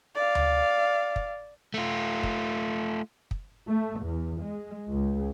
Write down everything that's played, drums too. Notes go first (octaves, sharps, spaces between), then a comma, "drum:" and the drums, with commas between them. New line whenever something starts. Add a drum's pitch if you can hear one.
D5 F5
drum: tom D2
drum: kick
A3 F4
drum: kick
drum: kick
A3
E2
G#3
C#2